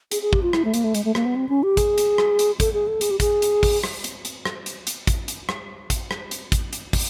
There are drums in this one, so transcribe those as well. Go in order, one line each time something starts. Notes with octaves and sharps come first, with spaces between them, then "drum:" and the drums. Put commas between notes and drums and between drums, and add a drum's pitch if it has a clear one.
G#4, drum: hi-hat
G#4
G4, drum: kick
F4
E4, drum: rim click
A3
A#3, drum: hi-hat
A3
G#3, drum: hi-hat
A3
A#3, drum: rim click
B3
C4
C#4
G4
G#4, drum: kick, hi-hat
drum: hi-hat
drum: rim click
drum: hi-hat
A4, drum: kick, hi-hat
G#4
A4
G#4, drum: hi-hat
G4
G#4, drum: kick, hi-hat
drum: hi-hat
drum: kick, open hi-hat
drum: rim click
drum: hi-hat
drum: hi-hat
drum: rim click
drum: hi-hat
drum: hi-hat
drum: kick, hi-hat
drum: hi-hat
drum: rim click
drum: kick, hi-hat
drum: rim click
drum: hi-hat
drum: kick, hi-hat
drum: hi-hat
drum: kick, open hi-hat